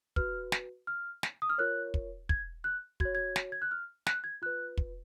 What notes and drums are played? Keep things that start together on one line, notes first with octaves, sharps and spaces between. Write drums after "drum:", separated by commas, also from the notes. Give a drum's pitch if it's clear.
F#4 B4 F6, drum: kick
drum: snare
F6
drum: snare
D#6
F6
F4 A#4 C#5 F#6
drum: kick
G#6, drum: kick
F#6
F#4 G#6, drum: kick
C#5
G#6
drum: snare
G#6
F#6
F6
F#6, drum: snare
G#6
F4 B4 F#6
drum: kick